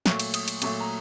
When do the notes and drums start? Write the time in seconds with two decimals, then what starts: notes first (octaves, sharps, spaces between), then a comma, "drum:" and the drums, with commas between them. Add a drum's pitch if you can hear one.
0.06 A#2 F#3 A3 C#6, drum: snare
0.19 drum: cymbal
0.34 D#6, drum: cymbal
0.48 drum: cymbal
0.62 A#2 F#3 A3 C#6, drum: cymbal
0.80 A#5